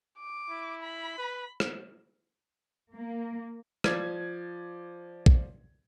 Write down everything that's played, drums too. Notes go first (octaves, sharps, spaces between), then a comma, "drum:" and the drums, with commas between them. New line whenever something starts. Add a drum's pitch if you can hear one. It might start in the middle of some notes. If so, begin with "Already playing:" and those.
D6
E4
B5
B4
drum: rim click
A#3
F3 D5 G#6, drum: rim click
drum: kick A#1